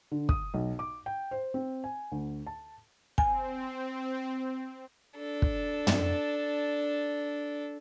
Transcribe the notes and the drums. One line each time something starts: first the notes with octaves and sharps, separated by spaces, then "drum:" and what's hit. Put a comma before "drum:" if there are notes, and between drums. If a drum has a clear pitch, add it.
D3
D#6, drum: kick
B1
D6
G5
C5
C4
G#5
D2
A5
C4 G#5, drum: kick
D4 A4
drum: kick
drum: tom